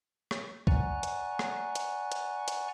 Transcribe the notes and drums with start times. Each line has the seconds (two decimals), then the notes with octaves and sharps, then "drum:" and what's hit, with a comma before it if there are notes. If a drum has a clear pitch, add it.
0.31 drum: rim click
0.67 D5 F#5 G#5 A#5 C#6 F#6, drum: kick
1.03 drum: hi-hat
1.39 drum: rim click
1.75 drum: hi-hat
2.12 drum: hi-hat
2.48 drum: hi-hat